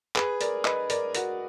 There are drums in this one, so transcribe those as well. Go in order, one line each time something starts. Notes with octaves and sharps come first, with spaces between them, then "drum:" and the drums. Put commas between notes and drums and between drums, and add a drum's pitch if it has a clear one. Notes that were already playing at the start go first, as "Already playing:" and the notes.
G#4 B4, drum: clap
A#4 D5, drum: hi-hat
B4 D#5, drum: clap
A#4 D5, drum: hi-hat
F#4 A#4, drum: hi-hat